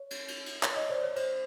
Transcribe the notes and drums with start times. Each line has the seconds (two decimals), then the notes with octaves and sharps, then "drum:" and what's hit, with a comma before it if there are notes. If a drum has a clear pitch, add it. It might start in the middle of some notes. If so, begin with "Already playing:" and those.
Already playing: C#5
0.11 drum: cymbal
0.28 drum: cymbal
0.46 drum: cymbal
0.63 C#5, drum: clap
0.76 C#5 D#5
0.89 C5 D5
1.03 C#5
1.16 C5, drum: cymbal